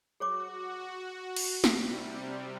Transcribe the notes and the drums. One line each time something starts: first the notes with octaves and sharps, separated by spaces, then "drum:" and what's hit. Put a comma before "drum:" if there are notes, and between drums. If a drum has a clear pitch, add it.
F#4 G#4 C#5 D6
drum: cymbal
C3 G3, drum: snare